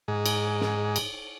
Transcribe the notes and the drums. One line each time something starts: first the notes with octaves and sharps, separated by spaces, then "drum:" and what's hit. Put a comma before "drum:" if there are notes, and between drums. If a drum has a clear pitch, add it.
G#2
drum: cymbal
drum: snare
drum: cymbal